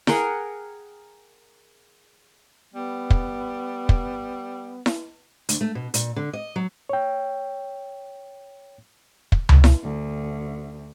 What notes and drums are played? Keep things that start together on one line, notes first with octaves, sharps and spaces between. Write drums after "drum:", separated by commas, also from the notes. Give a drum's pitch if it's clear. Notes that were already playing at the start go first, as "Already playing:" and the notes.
G#4 A#4 F#5 G5, drum: snare E4
G3 B3
drum: kick
drum: kick
drum: snare E4
D2, drum: hi-hat
A3
B2
A#2, drum: hi-hat
D3
D#5
F#3
C#5 G5
drum: kick
drum: tom C#2
drum: snare E4
D2